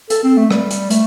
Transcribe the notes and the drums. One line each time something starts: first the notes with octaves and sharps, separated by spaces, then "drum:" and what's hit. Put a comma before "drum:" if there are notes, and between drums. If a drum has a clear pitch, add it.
A4, drum: hi-hat
C4
A3
G3, drum: rim click
drum: hi-hat
A3, drum: hi-hat